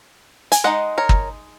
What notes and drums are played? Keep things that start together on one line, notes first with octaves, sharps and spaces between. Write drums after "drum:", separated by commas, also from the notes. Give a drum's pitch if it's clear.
G#5, drum: hi-hat
G#3 D#4 D#5 F#5
A#4 C#5
drum: kick